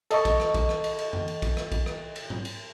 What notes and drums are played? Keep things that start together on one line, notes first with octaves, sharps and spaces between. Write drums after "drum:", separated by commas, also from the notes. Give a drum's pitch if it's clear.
A4 D#5 A5 C#6, drum: cymbal
drum: kick, cymbal
drum: rim click
drum: kick, cymbal
drum: rim click
drum: cymbal
drum: cymbal
drum: tom F2
drum: cymbal
drum: kick, cymbal
drum: rim click
drum: kick, cymbal
drum: rim click
drum: cymbal
drum: tom G#2
drum: cymbal